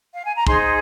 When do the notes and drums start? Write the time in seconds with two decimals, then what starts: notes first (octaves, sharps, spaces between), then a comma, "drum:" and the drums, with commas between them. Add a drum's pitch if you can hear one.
0.14 F5
0.24 G#5
0.36 A#5
0.47 D#4 G#4 C5 C6, drum: kick